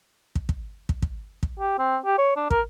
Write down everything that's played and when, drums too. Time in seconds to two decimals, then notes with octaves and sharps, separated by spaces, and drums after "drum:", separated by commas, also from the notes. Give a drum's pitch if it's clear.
0.35 drum: kick
0.49 drum: kick
0.89 drum: kick
1.02 drum: kick
1.43 drum: kick
1.60 G4
1.79 C4
2.05 G4
2.18 C#5
2.36 D4
2.51 A#4, drum: kick